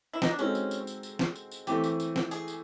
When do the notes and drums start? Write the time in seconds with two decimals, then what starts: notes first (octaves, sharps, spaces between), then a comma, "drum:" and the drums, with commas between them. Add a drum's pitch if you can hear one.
0.13 E4
0.22 D#4, drum: snare
0.31 D4
0.39 G#3 C4 C#4 D#4 F#4 A4, drum: tambourine
0.55 drum: tambourine
0.71 drum: tambourine
0.87 drum: tambourine
1.03 drum: tambourine
1.19 drum: snare
1.35 drum: tambourine
1.52 drum: tambourine
1.67 E3 A3 C4 G4, drum: tambourine
1.84 drum: tambourine
2.00 drum: tambourine
2.16 drum: snare
2.31 G#4, drum: tambourine
2.48 drum: tambourine